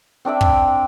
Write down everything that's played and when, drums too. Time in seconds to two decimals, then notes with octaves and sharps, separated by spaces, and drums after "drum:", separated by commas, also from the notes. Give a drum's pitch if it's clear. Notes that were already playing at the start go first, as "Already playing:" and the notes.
0.25 C4 D4 D5 E5
0.41 drum: kick